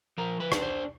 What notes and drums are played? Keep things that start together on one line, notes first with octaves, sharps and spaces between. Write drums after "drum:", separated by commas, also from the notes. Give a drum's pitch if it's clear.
F3 A#4
B4
D4, drum: rim click
C5